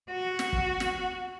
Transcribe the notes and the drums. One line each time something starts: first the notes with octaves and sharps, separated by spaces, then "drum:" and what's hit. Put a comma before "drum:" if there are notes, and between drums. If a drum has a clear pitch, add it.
F#4
drum: snare
drum: kick
drum: snare